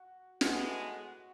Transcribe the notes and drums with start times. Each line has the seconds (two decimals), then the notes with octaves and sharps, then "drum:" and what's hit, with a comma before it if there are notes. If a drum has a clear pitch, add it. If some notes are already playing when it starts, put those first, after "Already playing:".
Already playing: F#4
0.41 A2 G#3 B3 F#4, drum: snare